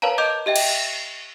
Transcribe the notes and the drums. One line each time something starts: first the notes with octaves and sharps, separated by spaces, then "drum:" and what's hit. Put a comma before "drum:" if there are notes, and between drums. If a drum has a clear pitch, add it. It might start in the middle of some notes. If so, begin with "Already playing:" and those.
A#4 B4 C#5 F5 A5 A#5
D#5 D6 G6 D7 F7
G4 D#5 E5 G5
drum: cymbal